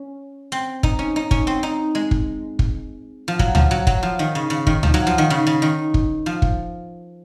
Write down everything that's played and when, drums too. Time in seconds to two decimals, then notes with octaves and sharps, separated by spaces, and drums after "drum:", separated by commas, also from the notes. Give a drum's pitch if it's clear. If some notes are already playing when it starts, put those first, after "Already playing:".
Already playing: C#4
0.52 C4
0.83 D#4, drum: kick
0.99 C#4
1.16 D#4
1.31 C#4, drum: kick
1.47 C4
1.63 D#4
1.95 G#3
2.11 drum: kick
2.59 drum: kick
3.28 F3
3.39 F#3, drum: kick
3.55 F3, drum: tom C#2
3.71 F#3
3.87 F#3, drum: kick
4.03 F3
4.19 D#3
4.35 C#3
4.50 C#3
4.67 D#3, drum: kick
4.83 F3, drum: tom C#2
4.94 F#3
5.07 F3
5.18 D#3
5.30 C#3
5.47 C#3
5.62 D#3
5.94 drum: kick
6.26 F3
6.42 drum: kick